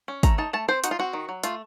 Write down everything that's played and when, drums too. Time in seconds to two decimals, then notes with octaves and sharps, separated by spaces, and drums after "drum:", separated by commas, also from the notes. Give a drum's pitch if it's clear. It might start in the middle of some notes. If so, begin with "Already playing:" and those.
0.08 C#4
0.23 A3 A#5, drum: kick, hi-hat
0.38 D#4 A5
0.53 A3 A5
0.68 C4 C5
0.84 D#4 F#4, drum: hi-hat
0.91 F4
0.99 C4 F#4
1.13 D#3
1.29 F#3
1.43 A3 F4, drum: hi-hat